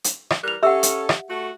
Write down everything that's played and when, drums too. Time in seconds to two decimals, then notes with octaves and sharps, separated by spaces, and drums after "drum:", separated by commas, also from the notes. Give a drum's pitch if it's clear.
0.04 drum: hi-hat
0.30 drum: rim click
0.44 E3 G3 A#4 F#6 F7
0.63 C#4 G4 A4 E5 F#5 E6
0.83 drum: hi-hat
1.09 drum: rim click
1.29 A3 F#4